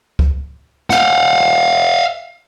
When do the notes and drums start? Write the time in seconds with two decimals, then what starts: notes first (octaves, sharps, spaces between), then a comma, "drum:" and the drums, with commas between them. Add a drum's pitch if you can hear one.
0.19 drum: kick C#2
0.90 F5 F#5, drum: snare